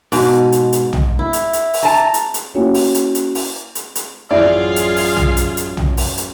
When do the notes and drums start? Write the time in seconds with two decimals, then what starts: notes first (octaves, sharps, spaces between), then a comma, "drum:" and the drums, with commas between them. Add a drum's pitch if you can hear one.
0.12 G#2 B2, drum: open hi-hat
0.52 drum: hi-hat
0.72 drum: hi-hat
0.93 drum: tom B1
1.19 E4
1.33 drum: hi-hat
1.53 drum: hi-hat
1.73 drum: open hi-hat
1.83 A5 A#5
2.14 drum: hi-hat
2.34 drum: hi-hat
2.54 A#3 C#4 E4 F#4 G4
2.74 drum: open hi-hat
2.95 drum: hi-hat
3.15 drum: hi-hat
3.35 drum: open hi-hat
3.75 drum: hi-hat
3.95 drum: hi-hat
4.31 A1 F#2 E4 F4 G#4 D5 F5
4.76 drum: hi-hat
4.96 drum: open hi-hat
5.17 drum: tom B1
5.37 drum: hi-hat
5.57 drum: hi-hat
5.77 drum: tom B1
5.97 drum: open hi-hat
6.17 drum: hi-hat